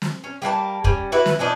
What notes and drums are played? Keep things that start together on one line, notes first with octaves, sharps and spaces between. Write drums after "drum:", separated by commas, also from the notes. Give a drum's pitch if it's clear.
drum: snare
C#4
G3 A#3 F#5 A5
G3 C#4, drum: kick
E4 F#4 B4
drum: snare
E3 F3 D4 D#4